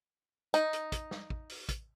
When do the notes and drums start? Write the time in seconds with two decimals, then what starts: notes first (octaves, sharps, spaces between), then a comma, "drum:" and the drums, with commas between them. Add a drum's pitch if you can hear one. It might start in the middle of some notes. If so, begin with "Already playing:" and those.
0.54 D#4, drum: hi-hat
0.73 drum: hi-hat
0.92 drum: kick, hi-hat
1.11 drum: snare
1.30 drum: kick
1.49 drum: open hi-hat
1.69 drum: kick, hi-hat